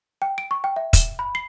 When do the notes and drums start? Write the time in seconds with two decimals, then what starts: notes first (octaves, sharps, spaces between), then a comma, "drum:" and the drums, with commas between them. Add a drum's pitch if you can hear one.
0.22 G5
0.38 D7
0.51 C#6
0.64 G5
0.76 E5
0.93 E7, drum: kick, hi-hat
1.19 B5
1.35 C7